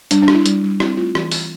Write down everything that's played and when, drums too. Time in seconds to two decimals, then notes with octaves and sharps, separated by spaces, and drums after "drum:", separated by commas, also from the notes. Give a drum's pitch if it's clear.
0.11 G3 D4, drum: hi-hat
0.23 D4
0.28 G3, drum: rim click
0.34 E4
0.46 G3, drum: hi-hat
0.63 G3
0.80 C4 E4, drum: rim click
0.97 A3 F4
1.15 E3, drum: rim click
1.32 E3, drum: open hi-hat